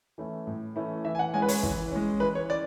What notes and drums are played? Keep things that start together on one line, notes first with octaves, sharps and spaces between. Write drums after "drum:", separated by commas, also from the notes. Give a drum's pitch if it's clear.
E3 A3 C#4 E4
A2
E3 A3 C#4 E4
E3 E5
G#5
F#5
G#3 C#4 G#5
B4
C#5, drum: open hi-hat
E3, drum: kick
G#3 C#4
E3 B4
C#5
C#4 D5